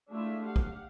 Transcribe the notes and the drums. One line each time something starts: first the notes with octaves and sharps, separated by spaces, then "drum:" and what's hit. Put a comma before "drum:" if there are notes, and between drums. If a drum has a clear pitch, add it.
G#3 A3 D4 E4 F4 E5
G4 F5 F#5
drum: kick